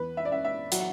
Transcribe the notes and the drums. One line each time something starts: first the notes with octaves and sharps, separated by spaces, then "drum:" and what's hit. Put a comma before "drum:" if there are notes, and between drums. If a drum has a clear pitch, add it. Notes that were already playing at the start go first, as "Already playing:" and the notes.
Already playing: E2 B4
E5
D5
C#4 E5
E5
F#3 F#4, drum: hi-hat